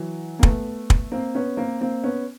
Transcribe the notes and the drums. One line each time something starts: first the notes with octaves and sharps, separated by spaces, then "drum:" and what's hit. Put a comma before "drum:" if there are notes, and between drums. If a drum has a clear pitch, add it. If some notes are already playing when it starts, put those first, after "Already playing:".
Already playing: E3 F#3
A#3
A3 B3, drum: kick
drum: kick
A#3 C4
B3 C#4
A#3 C4
A#3 C4
B3 C#4